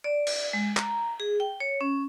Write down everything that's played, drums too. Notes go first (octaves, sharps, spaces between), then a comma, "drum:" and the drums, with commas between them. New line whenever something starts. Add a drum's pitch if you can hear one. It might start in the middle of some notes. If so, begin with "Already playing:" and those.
D5
drum: cymbal
G#3
A#5, drum: clap
G#4
G5
C#5
C#4